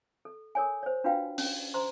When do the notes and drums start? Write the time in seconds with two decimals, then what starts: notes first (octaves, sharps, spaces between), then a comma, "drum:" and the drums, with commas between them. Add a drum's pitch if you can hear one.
0.25 A4
0.55 A4 A#4 C#5 G#5
0.83 C5 C#5
1.04 D4 F4 F#4 B4 F5 G5
1.38 C#4, drum: open hi-hat
1.74 C5 A#5 C6